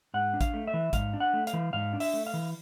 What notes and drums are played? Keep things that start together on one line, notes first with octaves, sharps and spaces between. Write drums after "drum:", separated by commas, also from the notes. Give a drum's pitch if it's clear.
G#2 F#5
D4
F5, drum: kick A1, hi-hat
A3
E5
E3
G#2 F5, drum: kick A1, hi-hat
D4
F#5
A3
F5, drum: hi-hat
E3
G#2 F5
D4
E5, drum: open hi-hat
A3
F5
E3